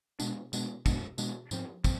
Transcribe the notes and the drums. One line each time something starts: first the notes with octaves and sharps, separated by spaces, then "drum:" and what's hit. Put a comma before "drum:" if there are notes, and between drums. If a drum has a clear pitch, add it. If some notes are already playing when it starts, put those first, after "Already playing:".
B2 G#3 B3 D4, drum: tambourine
B2 G#3 B3 D4, drum: tambourine
B2 G#3 B3 D4, drum: kick, tambourine
B2 G#3 B3 D4, drum: tambourine
G#2 F3 C4, drum: tambourine
F3 C4, drum: kick, tambourine